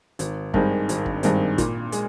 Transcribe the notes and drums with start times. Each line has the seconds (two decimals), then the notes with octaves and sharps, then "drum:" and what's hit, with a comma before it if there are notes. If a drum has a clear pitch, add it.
0.19 G#1, drum: hi-hat
0.54 G2 D#3 G#3 C4, drum: kick
0.89 G#1, drum: hi-hat
1.06 drum: kick
1.23 G2 D#3 G#3 C4, drum: hi-hat
1.58 A#2, drum: kick, hi-hat
1.92 G#3, drum: hi-hat